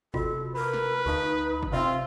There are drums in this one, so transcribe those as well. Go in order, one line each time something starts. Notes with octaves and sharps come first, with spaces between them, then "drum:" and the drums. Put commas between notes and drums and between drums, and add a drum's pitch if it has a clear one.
C3 F4 F#4 A4 D#5, drum: kick G1
A#4 B4 B5
drum: snare
D2 D#4 F5 A5 C#6
drum: kick G1
C3 C4 F4 D#5 E5 C6